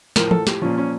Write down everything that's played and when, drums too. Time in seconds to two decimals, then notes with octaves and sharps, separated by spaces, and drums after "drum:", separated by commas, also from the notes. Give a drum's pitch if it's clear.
0.16 A2 F3 A#4, drum: snare
0.26 A#4
0.31 A4, drum: tom E3
0.47 G4, drum: snare
0.62 A#2 F3 C#4
0.78 C#4